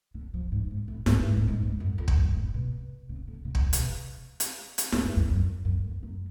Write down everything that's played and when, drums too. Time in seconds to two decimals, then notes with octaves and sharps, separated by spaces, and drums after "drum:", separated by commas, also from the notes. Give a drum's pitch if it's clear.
0.14 D3
0.34 F3
0.52 G#2
0.71 A2
0.88 A2
1.06 G#2, drum: snare E4
1.24 G#2
1.37 A2
1.48 G#2
1.62 G#2
1.80 F#2
1.98 F2
2.08 drum: kick
2.17 F#2
2.36 A2
2.54 B2
3.09 C#3
3.27 D3
3.45 C#3
3.55 C#3, drum: kick
3.60 F3
3.64 D3
3.73 B2, drum: hi-hat
4.40 drum: hi-hat
4.78 drum: hi-hat
4.92 G#2, drum: snare E4
5.04 F#2
5.16 F2
5.28 F#2
5.65 F#2
5.84 F2
6.03 F#2